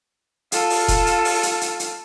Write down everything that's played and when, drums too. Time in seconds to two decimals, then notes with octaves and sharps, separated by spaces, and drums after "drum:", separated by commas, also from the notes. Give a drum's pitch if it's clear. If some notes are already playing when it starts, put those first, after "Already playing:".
0.52 F4 A4, drum: hi-hat
0.70 drum: open hi-hat
0.88 drum: kick E1, hi-hat
1.07 drum: hi-hat
1.25 drum: open hi-hat
1.43 drum: hi-hat
1.61 drum: hi-hat
1.80 drum: hi-hat